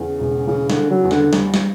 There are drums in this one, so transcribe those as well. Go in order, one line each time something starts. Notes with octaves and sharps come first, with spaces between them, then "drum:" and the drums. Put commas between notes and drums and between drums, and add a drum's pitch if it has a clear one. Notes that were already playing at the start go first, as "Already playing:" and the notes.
Already playing: E2 C#3
E1
C#3 E3
D3, drum: snare
C#3
F#3
E2
D3, drum: snare
G3, drum: snare
drum: snare